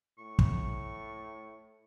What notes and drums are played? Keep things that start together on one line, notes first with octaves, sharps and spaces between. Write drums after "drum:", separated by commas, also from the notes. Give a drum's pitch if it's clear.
A2 C#6
drum: kick